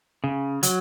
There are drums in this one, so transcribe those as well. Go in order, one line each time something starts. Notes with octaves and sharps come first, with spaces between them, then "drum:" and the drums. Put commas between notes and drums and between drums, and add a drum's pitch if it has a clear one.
C#3
F#3, drum: hi-hat